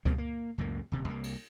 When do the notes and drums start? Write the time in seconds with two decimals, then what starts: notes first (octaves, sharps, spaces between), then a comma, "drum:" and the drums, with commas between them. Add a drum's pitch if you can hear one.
0.05 B2 G3 A#3 C4, drum: kick C#2
0.18 A#3
0.58 C#2 F#2 A2 A#3
0.92 D#1 C3
1.08 C2 A#3
1.24 drum: cymbal